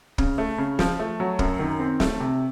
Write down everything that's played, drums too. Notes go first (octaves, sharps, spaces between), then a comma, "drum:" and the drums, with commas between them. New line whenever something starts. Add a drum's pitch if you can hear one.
C#3, drum: kick
A3
C#3
F3, drum: snare
A3
F#3
F#2, drum: kick
D#3
C4
A3, drum: snare
C3